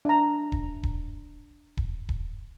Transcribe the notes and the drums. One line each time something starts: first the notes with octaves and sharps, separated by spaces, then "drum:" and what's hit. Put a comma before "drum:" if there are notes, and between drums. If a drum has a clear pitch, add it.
D4 A#5
drum: kick D#1
drum: kick D#1
drum: kick D#1
drum: kick D#1